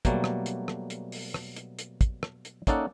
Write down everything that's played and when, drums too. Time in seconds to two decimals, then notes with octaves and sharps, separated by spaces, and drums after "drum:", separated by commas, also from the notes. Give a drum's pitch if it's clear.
0.05 B2 F#3 G3 A3 A#3, drum: kick, hi-hat
0.24 drum: rim click
0.46 drum: hi-hat
0.68 drum: rim click
0.90 drum: hi-hat
1.12 drum: open hi-hat
1.34 drum: rim click
1.56 drum: hi-hat
1.79 drum: hi-hat
2.01 drum: kick, hi-hat
2.23 drum: rim click
2.45 drum: hi-hat
2.67 A#3 C#4 D#4 A4 D5 F#5, drum: kick, hi-hat